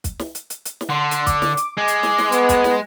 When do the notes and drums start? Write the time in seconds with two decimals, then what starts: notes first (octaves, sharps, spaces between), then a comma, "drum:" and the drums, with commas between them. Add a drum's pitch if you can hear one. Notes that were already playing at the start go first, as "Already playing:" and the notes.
0.04 drum: kick, hi-hat
0.19 drum: snare
0.35 drum: hi-hat
0.50 drum: hi-hat
0.65 drum: hi-hat
0.81 drum: snare
0.90 D3 C6
1.11 drum: hi-hat
1.27 D6, drum: kick, hi-hat
1.42 drum: snare
1.57 drum: hi-hat
1.77 G#3
1.88 drum: hi-hat
2.03 drum: snare
2.18 drum: snare
2.32 B3, drum: hi-hat
2.49 drum: kick, hi-hat
2.64 drum: snare